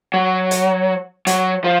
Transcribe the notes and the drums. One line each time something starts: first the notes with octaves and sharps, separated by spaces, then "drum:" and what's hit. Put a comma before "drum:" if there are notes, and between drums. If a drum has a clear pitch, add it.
F#3
drum: hi-hat
F#3, drum: hi-hat
F3